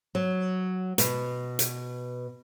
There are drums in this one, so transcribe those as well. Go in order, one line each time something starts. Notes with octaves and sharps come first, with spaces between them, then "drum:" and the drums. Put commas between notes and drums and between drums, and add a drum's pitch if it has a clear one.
F#3
B2, drum: hi-hat
drum: hi-hat